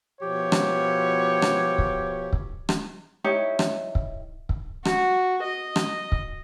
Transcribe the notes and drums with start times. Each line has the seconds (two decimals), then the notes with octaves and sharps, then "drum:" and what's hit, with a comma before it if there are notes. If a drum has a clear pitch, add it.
0.21 B2 F3 G4 C#5
0.52 drum: rim click
1.42 drum: rim click
1.78 drum: kick
2.33 drum: kick
2.69 drum: rim click
3.24 D#4 E4 G4 C#5
3.59 drum: rim click
3.95 drum: kick
4.49 drum: kick
4.85 F#4, drum: rim click
5.43 D#5
5.76 drum: rim click
6.12 drum: kick